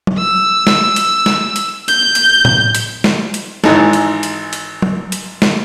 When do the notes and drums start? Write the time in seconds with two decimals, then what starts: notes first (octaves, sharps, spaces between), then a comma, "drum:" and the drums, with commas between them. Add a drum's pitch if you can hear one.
0.07 drum: tom F#3
0.18 E6
0.67 drum: snare
0.96 drum: hi-hat
1.26 drum: snare
1.56 drum: hi-hat
1.88 G6, drum: hi-hat
2.15 drum: hi-hat
2.45 drum: tom A2
2.75 drum: hi-hat
3.04 drum: snare
3.34 drum: hi-hat
3.64 G#1 E3 G#3 D#4 G#4 A4, drum: snare
3.93 drum: hi-hat
4.23 drum: hi-hat
4.53 drum: hi-hat
4.82 drum: tom F#3
5.12 drum: hi-hat
5.42 drum: snare